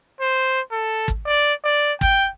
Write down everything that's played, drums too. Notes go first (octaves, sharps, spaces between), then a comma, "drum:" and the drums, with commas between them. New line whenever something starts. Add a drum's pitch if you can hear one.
C5
A4
drum: kick
D5
D5
G5, drum: kick